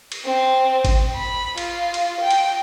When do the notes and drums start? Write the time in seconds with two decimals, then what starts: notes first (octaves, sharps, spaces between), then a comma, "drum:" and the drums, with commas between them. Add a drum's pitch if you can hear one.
0.12 drum: cymbal
0.25 C4
0.85 drum: kick G#1, cymbal
1.16 B5
1.58 F4, drum: cymbal
1.94 drum: cymbal
2.21 G5
2.30 drum: cymbal